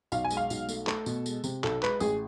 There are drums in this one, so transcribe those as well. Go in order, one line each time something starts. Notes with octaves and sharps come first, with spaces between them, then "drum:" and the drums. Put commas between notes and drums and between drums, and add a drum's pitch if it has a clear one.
B1 F5, drum: tambourine
G#5
G#3, drum: tambourine
F5
B1, drum: tambourine
A3, drum: tambourine
A3 A4, drum: clap
B2, drum: tambourine
G#3, drum: tambourine
C3, drum: tambourine
B1 A4, drum: clap
G#3 B4, drum: clap
A1 G#4, drum: tambourine